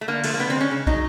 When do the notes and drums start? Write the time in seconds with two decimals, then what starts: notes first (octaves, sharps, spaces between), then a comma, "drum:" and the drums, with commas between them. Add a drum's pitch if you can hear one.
0.01 A3
0.08 D3 A#3
0.24 F3 A3, drum: cymbal
0.34 A#3
0.39 D3 B3
0.50 C4
0.56 G#3
0.61 C#4
0.71 C#3
0.87 F#3 D#4, drum: kick